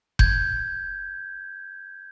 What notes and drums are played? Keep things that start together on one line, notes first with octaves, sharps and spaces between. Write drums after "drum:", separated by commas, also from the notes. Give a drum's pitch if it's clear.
G6 G#6, drum: kick F#1